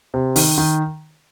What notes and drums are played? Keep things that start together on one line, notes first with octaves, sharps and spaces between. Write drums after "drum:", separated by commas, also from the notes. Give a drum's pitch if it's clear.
C3
D#3, drum: open hi-hat
D#3